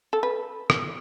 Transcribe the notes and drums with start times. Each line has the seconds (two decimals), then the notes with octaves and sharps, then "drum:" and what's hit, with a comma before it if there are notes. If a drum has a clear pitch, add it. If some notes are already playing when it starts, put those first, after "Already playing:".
0.13 A4
0.23 B4
0.70 drum: rim click